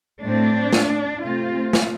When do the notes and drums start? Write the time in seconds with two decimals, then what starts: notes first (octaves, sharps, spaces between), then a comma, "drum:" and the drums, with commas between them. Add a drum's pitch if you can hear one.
0.22 A2 A3 C4 D4
0.73 drum: snare
1.23 C3 A3 C4 F4
1.73 drum: snare